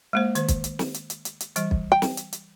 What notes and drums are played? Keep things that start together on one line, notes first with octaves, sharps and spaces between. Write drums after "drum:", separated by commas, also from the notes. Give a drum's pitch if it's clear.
G#3 A#3 C5
D#3 C5, drum: hi-hat
drum: kick, hi-hat
drum: hi-hat
drum: snare
drum: hi-hat
drum: hi-hat
drum: hi-hat
drum: hi-hat
E3 G3, drum: hi-hat
drum: kick
G5
drum: snare
drum: hi-hat
drum: hi-hat